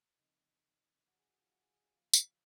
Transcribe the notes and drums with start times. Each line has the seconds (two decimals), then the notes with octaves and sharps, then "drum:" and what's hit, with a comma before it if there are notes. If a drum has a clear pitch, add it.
0.19 C#3 F3 C4 D#4 D#5
1.07 F#4 F#5
1.19 G#4 G#5
1.29 F#4 F#5
1.41 F4 F5
1.52 F#4 F#5
1.63 G#4 G#5
1.74 G#4 G#5
1.96 C#3 F3 A#3 F4 F5
2.13 drum: tambourine